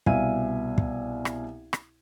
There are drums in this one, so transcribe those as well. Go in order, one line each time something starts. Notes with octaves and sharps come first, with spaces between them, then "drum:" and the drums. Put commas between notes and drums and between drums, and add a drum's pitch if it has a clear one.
C2 B2 E5 F5 G#5 D#7, drum: kick
drum: kick
drum: rim click
drum: rim click